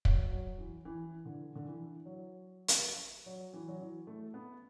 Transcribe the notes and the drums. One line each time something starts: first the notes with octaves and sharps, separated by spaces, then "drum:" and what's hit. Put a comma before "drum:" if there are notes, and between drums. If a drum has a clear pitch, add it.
F#3, drum: kick
F#3
E3
E3
D3
D3
E3
F#3
drum: hi-hat
F#3
E3
F#3
E3
A3
B3